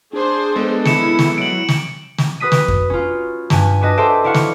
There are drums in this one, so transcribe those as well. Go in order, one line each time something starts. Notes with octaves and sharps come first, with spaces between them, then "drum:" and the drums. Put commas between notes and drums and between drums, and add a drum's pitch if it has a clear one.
D4 G#4 C5
G#3 B3 A4
E4 C#7 E7, drum: snare
drum: snare
F#3 D7 F#7
drum: snare
drum: snare
F#4 B4 D#6 B6 D#7
drum: snare
drum: kick F2
C#4 F4
G2 B4 G#5, drum: snare
D4 F#4 B4 D#5
G4 A4 C5 D5 E5
E4 D5 F5 F#5 C#6
drum: snare